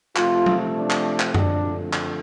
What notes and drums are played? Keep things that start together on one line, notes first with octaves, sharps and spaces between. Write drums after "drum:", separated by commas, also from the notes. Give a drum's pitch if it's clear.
C3 F3 A3 F4, drum: clap
drum: tom F#3
D4
drum: clap
drum: clap
F2 D3 F3 A3 D4, drum: tom F#2
drum: clap